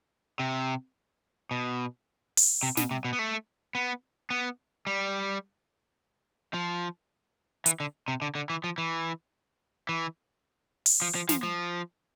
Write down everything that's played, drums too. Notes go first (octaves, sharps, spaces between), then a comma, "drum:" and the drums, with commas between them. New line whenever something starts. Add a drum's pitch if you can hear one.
C3
B2
drum: open hi-hat
C3
B2, drum: snare
C3
B2
B3
A3
B3
B3
G3
F3
E3, drum: hi-hat
D3
C3
D3
D3
E3
F3
E3
E3
drum: open hi-hat
F3
F3
F3, drum: snare
F3